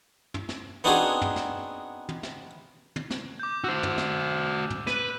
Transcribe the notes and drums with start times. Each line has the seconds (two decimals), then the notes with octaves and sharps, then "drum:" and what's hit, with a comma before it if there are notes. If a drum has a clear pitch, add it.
0.34 drum: tom
0.49 drum: snare
0.84 B3 C4 D4 D#4 F#4 G#4
1.21 drum: tom
1.36 drum: snare
2.09 drum: tom
2.23 drum: snare
2.96 drum: tom
3.10 drum: snare
3.40 D6 G6
3.64 F#4 C5 E6
3.83 drum: tom
3.98 drum: snare
4.70 drum: tom
4.87 B4 D#7, drum: snare